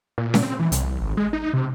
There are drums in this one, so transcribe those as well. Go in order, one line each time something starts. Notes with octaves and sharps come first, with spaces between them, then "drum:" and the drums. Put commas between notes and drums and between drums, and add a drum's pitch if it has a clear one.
A#2
drum: snare C#4
C4
E3
C2, drum: hi-hat
G#1
G#3
D#4
C3